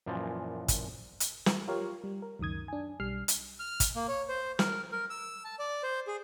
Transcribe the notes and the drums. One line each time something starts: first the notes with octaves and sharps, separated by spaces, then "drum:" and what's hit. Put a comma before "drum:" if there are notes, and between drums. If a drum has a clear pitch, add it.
F#2 A#2 E3 F3
drum: kick, hi-hat
drum: hi-hat
drum: snare
F4 G4 A#4 C#5 F5
G3
A#4
C#2 F#2 D#3 D#6 G#6
D4 G#5
B1 G3 F6 C7
drum: hi-hat
F6
drum: kick, hi-hat
A#3
C#5
C5
A#4, drum: snare
A#4
E6
A5
D5
C5
G#4